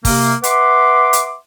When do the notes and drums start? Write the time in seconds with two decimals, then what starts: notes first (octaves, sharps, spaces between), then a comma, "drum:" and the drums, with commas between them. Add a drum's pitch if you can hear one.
0.05 C3 A#3, drum: kick, open hi-hat
0.44 B4 E5 F#5 C6 D6, drum: hi-hat
1.13 drum: hi-hat